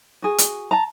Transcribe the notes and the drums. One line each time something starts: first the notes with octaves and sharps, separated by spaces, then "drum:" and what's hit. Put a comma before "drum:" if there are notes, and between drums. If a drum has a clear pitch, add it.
F#4 G#4
drum: hi-hat
A5 A#5